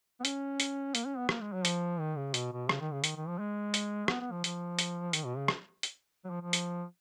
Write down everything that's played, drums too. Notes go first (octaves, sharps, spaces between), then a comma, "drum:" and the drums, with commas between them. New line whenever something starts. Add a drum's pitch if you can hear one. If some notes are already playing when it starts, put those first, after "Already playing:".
B3
C#4, drum: hi-hat
drum: hi-hat
A#3, drum: hi-hat
C#4
B3
A#3, drum: rim click
G#3
F#3
F3, drum: hi-hat
D#3
C#3
B2, drum: hi-hat
B2
C#3, drum: rim click
D#3
C#3
D#3, drum: hi-hat
D#3
F3
G#3
drum: hi-hat
B3, drum: rim click
B3
F3
F3, drum: hi-hat
drum: hi-hat
D#3, drum: hi-hat
B2
C#3
drum: rim click
drum: hi-hat
F#3
F3
F3
drum: hi-hat